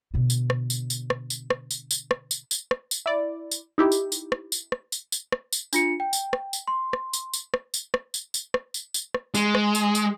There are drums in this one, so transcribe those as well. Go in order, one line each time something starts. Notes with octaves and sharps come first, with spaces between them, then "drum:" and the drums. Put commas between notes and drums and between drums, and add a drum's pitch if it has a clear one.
B2 D3
drum: tambourine
drum: rim click
drum: tambourine
drum: tambourine
drum: rim click
drum: tambourine
drum: rim click
drum: tambourine
drum: tambourine
drum: rim click
drum: tambourine
drum: tambourine
drum: rim click
drum: tambourine
E4 D5
drum: tambourine
D#4 E4 G4
drum: tambourine
drum: tambourine
drum: rim click
drum: tambourine
drum: rim click
drum: tambourine
drum: tambourine
drum: rim click
drum: tambourine
D4 F4 C#7, drum: tambourine
G5
drum: tambourine
drum: rim click
drum: tambourine
C6
drum: rim click
drum: tambourine
drum: tambourine
drum: rim click
drum: tambourine
drum: rim click
drum: tambourine
drum: tambourine
drum: rim click
drum: tambourine
drum: tambourine
drum: rim click
G#3, drum: tambourine
drum: rim click
drum: tambourine
drum: tambourine